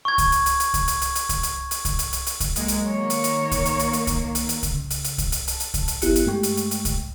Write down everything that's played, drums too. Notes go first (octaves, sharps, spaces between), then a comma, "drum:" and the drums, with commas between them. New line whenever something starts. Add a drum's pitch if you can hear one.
C#6 G#6
drum: kick C2, hi-hat
drum: hi-hat
drum: hi-hat
drum: hi-hat
drum: kick C2, hi-hat
drum: hi-hat
drum: hi-hat
drum: hi-hat
drum: kick C2, hi-hat
drum: hi-hat
drum: hi-hat
drum: kick C2, hi-hat
drum: hi-hat
drum: hi-hat
drum: hi-hat
drum: kick C2, hi-hat
F#3 G#3 A#3, drum: hi-hat
drum: hi-hat
D#3 A#3 C#5
drum: hi-hat
drum: hi-hat
drum: kick C2, hi-hat
drum: hi-hat
drum: hi-hat
drum: hi-hat
drum: kick C2, hi-hat
drum: hi-hat
drum: hi-hat
drum: kick C2, hi-hat
C#3
drum: hi-hat
drum: hi-hat
drum: kick C2, hi-hat
drum: hi-hat
A5, drum: hi-hat
drum: hi-hat
drum: kick C2, hi-hat
drum: hi-hat
G1 B3 E4 G4 F#6 C#7, drum: hi-hat
drum: hi-hat
G2 G#3 A3 G4 G5 C#6
drum: hi-hat
drum: hi-hat
drum: hi-hat
drum: kick C2, hi-hat